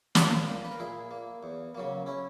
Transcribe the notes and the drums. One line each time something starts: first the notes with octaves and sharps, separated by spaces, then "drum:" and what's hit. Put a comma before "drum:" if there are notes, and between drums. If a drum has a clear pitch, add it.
A#2, drum: snare
A#3
B4
A#4
A#2 E4 G#4
A#3
E2
C#3 F#3 A#3
C#4 E4